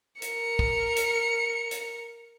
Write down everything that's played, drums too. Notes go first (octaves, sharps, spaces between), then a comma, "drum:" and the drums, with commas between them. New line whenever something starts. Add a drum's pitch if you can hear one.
A#4 C#7, drum: hi-hat
drum: kick
drum: hi-hat
drum: hi-hat